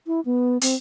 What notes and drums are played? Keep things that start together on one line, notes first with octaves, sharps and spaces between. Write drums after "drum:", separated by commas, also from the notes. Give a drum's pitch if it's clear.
E4
B3
C4, drum: hi-hat